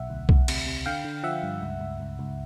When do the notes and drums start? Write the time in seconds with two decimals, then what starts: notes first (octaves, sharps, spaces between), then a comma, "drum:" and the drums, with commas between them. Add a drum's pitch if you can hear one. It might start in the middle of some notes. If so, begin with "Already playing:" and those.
Already playing: B1 E5 F#5
0.10 D2
0.29 D2, drum: kick B1
0.48 C3, drum: cymbal
0.67 C3
0.86 D3 F5 G5
1.04 D3
1.23 F3 E5 F#5
1.43 G2
1.62 C#2
1.80 C#2
2.00 C#2
2.19 C#2